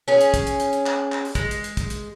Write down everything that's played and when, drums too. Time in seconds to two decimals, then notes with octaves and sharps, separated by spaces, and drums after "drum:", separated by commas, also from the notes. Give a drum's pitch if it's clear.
0.08 C#4 G#4
0.21 drum: hi-hat
0.34 drum: kick, hi-hat
0.47 drum: hi-hat
0.60 drum: hi-hat
0.73 drum: hi-hat
0.86 drum: clap
1.12 drum: clap
1.25 drum: open hi-hat
1.35 G#3, drum: kick, hi-hat
1.51 drum: hi-hat
1.64 drum: hi-hat
1.77 drum: kick, hi-hat
1.90 drum: hi-hat